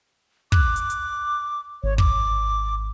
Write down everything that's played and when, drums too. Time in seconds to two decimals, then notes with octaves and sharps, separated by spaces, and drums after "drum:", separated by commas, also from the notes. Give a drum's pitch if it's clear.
0.52 D6 F#6, drum: kick
0.76 drum: hi-hat
0.90 drum: hi-hat
1.84 G#1 C#5
1.98 D6, drum: kick